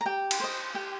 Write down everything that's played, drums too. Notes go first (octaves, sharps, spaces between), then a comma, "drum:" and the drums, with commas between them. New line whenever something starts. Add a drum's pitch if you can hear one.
A#5
G4 G5
drum: cymbal
C5 D#5
G4 G5